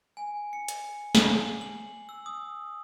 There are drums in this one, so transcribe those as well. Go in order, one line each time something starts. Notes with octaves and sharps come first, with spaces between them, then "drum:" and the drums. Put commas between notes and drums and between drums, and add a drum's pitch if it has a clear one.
G#5
C#7
drum: hi-hat
C7, drum: snare
F#7
E6
D#6